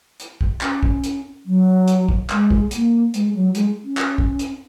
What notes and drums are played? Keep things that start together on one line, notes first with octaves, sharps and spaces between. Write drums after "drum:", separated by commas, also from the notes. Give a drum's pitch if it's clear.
drum: hi-hat
drum: kick
C#4, drum: clap
drum: kick
drum: hi-hat
F#3
drum: hi-hat
drum: kick
G#3, drum: clap
drum: kick
A#3, drum: hi-hat
G#3, drum: hi-hat
F#3
G#3, drum: hi-hat
C#4
drum: clap
drum: kick
drum: hi-hat